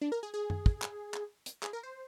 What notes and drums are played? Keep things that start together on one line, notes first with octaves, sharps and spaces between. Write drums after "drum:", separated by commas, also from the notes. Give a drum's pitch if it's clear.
D4
A#4
G#4
G#4
drum: tom F#2
drum: kick
drum: clap
drum: clap
drum: hi-hat
G#4, drum: clap
A#4
C5